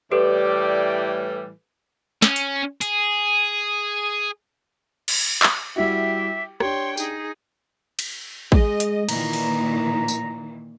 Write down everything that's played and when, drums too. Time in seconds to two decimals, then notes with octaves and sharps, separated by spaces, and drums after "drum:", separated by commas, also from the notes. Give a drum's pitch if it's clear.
0.11 A2 E3 G3 G4 A4 B4 D5
2.22 C#4, drum: snare
2.36 drum: hi-hat
2.81 G#4, drum: hi-hat
5.08 drum: cymbal
5.43 drum: clap
5.76 G3 E4 F#4 G4 E5
6.60 D4 G4 C#5 G5 C6, drum: rim click
6.97 D#4 G#4, drum: tambourine
7.99 drum: cymbal
8.52 G#3 D#5, drum: kick
8.80 drum: hi-hat
9.09 A#2 D#3 E3 A#5, drum: cymbal
9.33 drum: open hi-hat
10.08 drum: tambourine